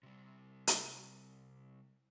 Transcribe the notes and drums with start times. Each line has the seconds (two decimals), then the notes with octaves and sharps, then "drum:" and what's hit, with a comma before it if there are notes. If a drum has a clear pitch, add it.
0.03 C3 G3
0.67 drum: hi-hat